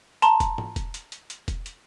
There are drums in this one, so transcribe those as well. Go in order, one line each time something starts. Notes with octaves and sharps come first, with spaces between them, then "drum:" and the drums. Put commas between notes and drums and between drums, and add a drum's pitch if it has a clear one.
A5 A#5 C6, drum: hi-hat
drum: kick E1, hi-hat
drum: tom
drum: kick E1, hi-hat
drum: hi-hat
drum: hi-hat
drum: hi-hat
drum: kick E1, hi-hat
drum: hi-hat